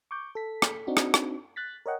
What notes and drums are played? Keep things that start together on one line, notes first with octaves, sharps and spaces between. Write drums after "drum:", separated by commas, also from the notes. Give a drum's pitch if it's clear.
C#6 D6 G6
A4 B6
drum: rim click
C4 D4 D#4 F#4
drum: rim click
drum: rim click
F#6 A6 B6
A#4 C#5 D#5 F#5 G5